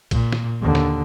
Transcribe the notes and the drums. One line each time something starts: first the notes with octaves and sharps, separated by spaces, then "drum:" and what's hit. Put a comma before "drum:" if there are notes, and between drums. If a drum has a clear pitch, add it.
A#2, drum: kick, cymbal
drum: snare
D#2 D3
drum: snare